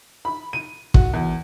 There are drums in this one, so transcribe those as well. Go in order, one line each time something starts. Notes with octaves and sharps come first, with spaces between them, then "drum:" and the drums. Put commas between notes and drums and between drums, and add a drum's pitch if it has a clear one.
B5
D#7
F#4, drum: kick
E2